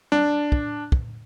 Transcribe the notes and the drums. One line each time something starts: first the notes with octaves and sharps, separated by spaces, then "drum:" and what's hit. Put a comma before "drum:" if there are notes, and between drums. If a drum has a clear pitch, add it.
D4, drum: tom G3
drum: kick
drum: kick